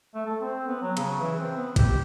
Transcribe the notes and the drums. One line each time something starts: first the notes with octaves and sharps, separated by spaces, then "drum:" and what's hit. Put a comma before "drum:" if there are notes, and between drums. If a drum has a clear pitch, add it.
A3
A4
C4
B3
F#3
C#3, drum: cymbal
E3
C4
B3
G4, drum: kick G#1, cymbal